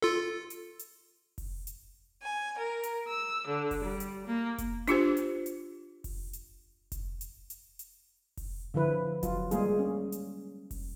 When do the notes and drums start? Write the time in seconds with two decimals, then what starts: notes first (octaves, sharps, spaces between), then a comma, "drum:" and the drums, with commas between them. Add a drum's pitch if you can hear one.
0.02 F4 A4
0.50 drum: hi-hat
0.79 drum: hi-hat
1.38 drum: kick F1, open hi-hat
1.67 drum: hi-hat
2.21 G#5
2.57 A#4
2.83 drum: hi-hat
3.05 E6
3.45 D3
3.71 drum: kick F1, open hi-hat
3.83 G3
4.00 drum: hi-hat
4.25 A#3
4.58 drum: kick F1, hi-hat
4.88 D4 F4 G4 C5, drum: hi-hat
5.17 drum: hi-hat
5.46 drum: hi-hat
6.04 drum: kick F1, open hi-hat
6.33 drum: hi-hat
6.92 drum: kick F1, hi-hat
7.21 drum: hi-hat
7.50 drum: hi-hat
7.79 drum: hi-hat
8.37 drum: kick F1, open hi-hat
8.74 D3 F3 E4 B4
9.23 F#3 F4, drum: kick F1, hi-hat
9.51 G3 G#3 A#3 F4 G#4, drum: hi-hat
9.79 C#4
10.12 drum: hi-hat
10.71 drum: kick F1, open hi-hat